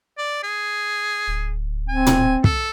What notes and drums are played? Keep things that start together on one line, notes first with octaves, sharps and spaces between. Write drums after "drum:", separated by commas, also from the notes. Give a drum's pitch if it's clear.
D5
G#4
D1
C4 G#5
drum: tom
A4, drum: kick